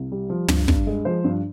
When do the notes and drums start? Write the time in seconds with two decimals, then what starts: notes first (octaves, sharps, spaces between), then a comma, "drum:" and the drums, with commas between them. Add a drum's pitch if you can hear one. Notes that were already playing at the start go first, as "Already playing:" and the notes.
Already playing: C2
0.12 G3
0.30 F3
0.48 G2, drum: tom
0.68 G2, drum: kick
0.87 G#3
1.05 F3 C5
1.24 G2